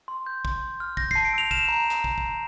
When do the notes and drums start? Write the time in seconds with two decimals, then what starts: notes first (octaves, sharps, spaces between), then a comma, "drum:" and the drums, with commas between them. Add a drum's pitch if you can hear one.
0.08 C6
0.26 G6
0.45 C6, drum: kick
0.62 C6
0.80 F6
0.97 G6 A#6, drum: kick
1.11 C7, drum: kick
1.15 A5
1.25 D7
1.33 E6 F7
1.51 F6 E7, drum: kick
1.69 A#5
1.91 drum: clap
2.04 drum: kick
2.18 drum: kick